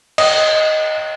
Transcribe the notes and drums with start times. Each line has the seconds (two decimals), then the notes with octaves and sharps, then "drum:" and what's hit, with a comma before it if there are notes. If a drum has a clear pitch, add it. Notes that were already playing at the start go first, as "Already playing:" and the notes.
0.18 D#5, drum: cymbal